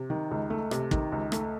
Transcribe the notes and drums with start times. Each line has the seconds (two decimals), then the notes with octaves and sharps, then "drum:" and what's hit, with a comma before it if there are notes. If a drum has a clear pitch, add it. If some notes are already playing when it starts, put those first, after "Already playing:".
Already playing: C3
0.10 D#3
0.31 C#2
0.50 A3
0.71 C3, drum: rim click
0.91 D#3, drum: kick
1.12 C#2
1.32 A3, drum: rim click